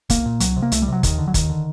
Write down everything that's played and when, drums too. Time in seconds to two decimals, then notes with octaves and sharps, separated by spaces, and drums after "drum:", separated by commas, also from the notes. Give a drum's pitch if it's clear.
0.10 C2 A#3, drum: kick, hi-hat
0.26 A#2
0.40 C2 F#3, drum: hi-hat
0.57 C3
0.62 A#3
0.72 C2 A3, drum: hi-hat
0.82 G3
0.88 C3 F#3
1.03 D#2 D#3, drum: kick, hi-hat
1.18 D3
1.28 F#3
1.34 D#2 D#3, drum: kick, hi-hat
1.49 D3